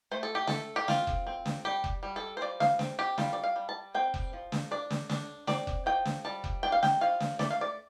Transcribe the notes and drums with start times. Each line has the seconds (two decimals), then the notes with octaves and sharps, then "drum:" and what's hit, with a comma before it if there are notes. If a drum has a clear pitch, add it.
0.11 A3 C5
0.23 A4
0.35 G4
0.47 A3 A4, drum: snare
0.76 G4
0.88 C4 F4, drum: snare
1.07 drum: kick F1
1.27 C4
1.45 drum: snare
1.65 G3 G4
1.84 drum: kick F1
2.03 G3
2.16 A4
2.37 C5
2.41 F3 D5
2.60 F5, drum: snare
2.79 C4, drum: snare
2.99 G4
3.18 G3 F4, drum: snare
3.33 D5
3.44 F5
3.56 G3
3.69 A5
3.95 C4 G5
4.14 drum: kick F1
4.33 F3
4.52 drum: snare
4.71 D4 D5
4.90 drum: snare
5.10 D4, drum: snare
5.47 C4 D5, drum: snare
5.67 drum: kick F1
5.86 F3 G5
6.05 drum: snare
6.25 G3 A5
6.44 drum: kick F1
6.63 D4 G5
6.72 F5
6.83 G5, drum: snare
7.01 F3 F5
7.20 drum: snare
7.39 A3 D5, drum: snare
7.50 F5
7.61 D5